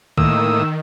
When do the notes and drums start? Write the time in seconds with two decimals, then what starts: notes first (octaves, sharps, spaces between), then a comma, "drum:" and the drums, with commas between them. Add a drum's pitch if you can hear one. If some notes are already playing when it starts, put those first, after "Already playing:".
0.17 A2 D#3 A#3 D#6 E6, drum: kick